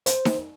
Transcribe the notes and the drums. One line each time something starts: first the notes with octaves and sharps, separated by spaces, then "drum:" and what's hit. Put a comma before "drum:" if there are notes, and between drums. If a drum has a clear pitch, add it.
C5, drum: hi-hat
drum: snare D#4